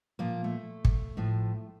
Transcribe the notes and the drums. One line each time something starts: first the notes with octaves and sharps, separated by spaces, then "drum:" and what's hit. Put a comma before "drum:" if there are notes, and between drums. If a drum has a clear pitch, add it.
A#2 F3 A#3
A3
drum: kick
A2 F3